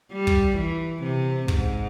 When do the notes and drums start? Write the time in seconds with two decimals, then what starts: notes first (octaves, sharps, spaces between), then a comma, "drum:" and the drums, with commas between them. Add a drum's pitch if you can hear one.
0.12 G3
0.27 drum: kick
0.57 E3
1.03 C3
1.48 G#2, drum: kick